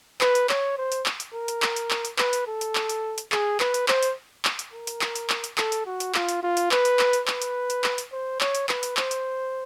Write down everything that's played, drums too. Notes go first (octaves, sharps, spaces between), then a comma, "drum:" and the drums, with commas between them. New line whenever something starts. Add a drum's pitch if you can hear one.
B4, drum: clap
drum: hi-hat
C#5, drum: clap
C5
drum: hi-hat
drum: clap
drum: hi-hat
A#4
drum: hi-hat
drum: clap
drum: hi-hat
drum: clap
drum: hi-hat
B4, drum: clap
drum: hi-hat
A4
drum: hi-hat
drum: clap
drum: hi-hat
drum: hi-hat
G#4, drum: clap
B4, drum: clap
drum: hi-hat
C5, drum: clap
drum: hi-hat
drum: clap
drum: hi-hat
A#4
drum: hi-hat
drum: clap
drum: hi-hat
drum: clap
drum: hi-hat
A4, drum: clap
drum: hi-hat
F#4
drum: hi-hat
F4, drum: clap
drum: hi-hat
F4
drum: hi-hat
B4, drum: clap
drum: hi-hat
drum: clap
drum: hi-hat
B4, drum: clap
drum: hi-hat
drum: hi-hat
drum: clap
drum: hi-hat
C5
C#5, drum: clap
drum: hi-hat
B4, drum: clap
drum: hi-hat
C5, drum: clap
drum: hi-hat